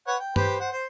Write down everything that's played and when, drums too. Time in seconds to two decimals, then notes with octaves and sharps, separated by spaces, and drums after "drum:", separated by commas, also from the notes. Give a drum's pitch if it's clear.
0.08 B4 C#5 F#5
0.20 G5
0.36 G4 B4 C5, drum: tom G2
0.60 C5 F#5
0.72 C5